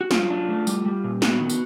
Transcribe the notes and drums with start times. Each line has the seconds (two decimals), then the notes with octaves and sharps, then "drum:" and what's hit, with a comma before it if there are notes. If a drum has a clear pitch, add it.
0.01 F#4
0.11 F#3 F4, drum: snare
0.30 D4
0.49 A3
0.67 G3, drum: tambourine
0.86 G3
1.04 A#2
1.22 B3 F#4, drum: snare
1.40 D#3
1.50 drum: tambourine